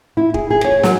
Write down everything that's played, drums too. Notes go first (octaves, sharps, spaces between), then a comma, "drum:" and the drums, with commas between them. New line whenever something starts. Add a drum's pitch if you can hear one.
E4
G#4, drum: kick
G#4
C#5
F#3, drum: snare